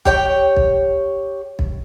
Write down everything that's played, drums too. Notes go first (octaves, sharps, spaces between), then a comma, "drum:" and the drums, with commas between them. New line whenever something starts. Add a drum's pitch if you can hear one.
G4 C#5 G5, drum: kick
drum: kick
drum: kick